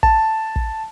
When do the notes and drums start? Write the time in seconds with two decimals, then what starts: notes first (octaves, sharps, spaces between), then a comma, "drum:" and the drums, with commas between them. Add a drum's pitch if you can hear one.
0.03 A5, drum: kick
0.56 drum: kick